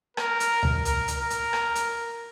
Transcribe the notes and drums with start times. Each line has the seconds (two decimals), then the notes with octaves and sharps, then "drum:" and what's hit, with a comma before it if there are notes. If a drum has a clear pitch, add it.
0.17 A#4, drum: rim click
0.40 drum: hi-hat
0.63 drum: tom C#2
0.85 A#4, drum: hi-hat
1.08 drum: hi-hat
1.19 A#4
1.30 drum: hi-hat
1.53 drum: rim click
1.75 drum: hi-hat